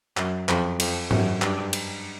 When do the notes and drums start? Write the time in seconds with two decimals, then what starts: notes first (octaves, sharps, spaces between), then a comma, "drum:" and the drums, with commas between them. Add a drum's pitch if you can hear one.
0.17 F#2, drum: clap
0.49 F2, drum: clap
0.80 F2, drum: cymbal
1.11 F#2, drum: tom G#2
1.42 G2, drum: clap
1.73 drum: cymbal